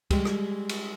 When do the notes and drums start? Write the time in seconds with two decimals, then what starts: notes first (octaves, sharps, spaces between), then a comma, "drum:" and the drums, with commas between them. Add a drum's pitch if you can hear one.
0.11 G3 G#3 G4, drum: kick, cymbal
0.25 drum: rim click
0.69 drum: cymbal